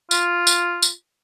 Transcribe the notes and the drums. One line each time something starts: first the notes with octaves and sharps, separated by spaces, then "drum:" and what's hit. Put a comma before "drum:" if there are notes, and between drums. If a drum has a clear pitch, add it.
F4, drum: tambourine
drum: tambourine
drum: tambourine